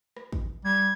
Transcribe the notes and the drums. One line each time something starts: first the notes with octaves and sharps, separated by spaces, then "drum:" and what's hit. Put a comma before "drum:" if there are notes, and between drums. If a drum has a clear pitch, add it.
drum: rim click
drum: kick
G3 G#6